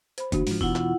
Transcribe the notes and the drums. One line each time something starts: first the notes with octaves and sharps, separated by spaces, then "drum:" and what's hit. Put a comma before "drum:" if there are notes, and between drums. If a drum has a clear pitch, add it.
C5 B5, drum: hi-hat
D#2 D4 F#4, drum: kick, hi-hat
G#2 F3, drum: open hi-hat
E2 B2 E4 F4 F#5, drum: kick
drum: clap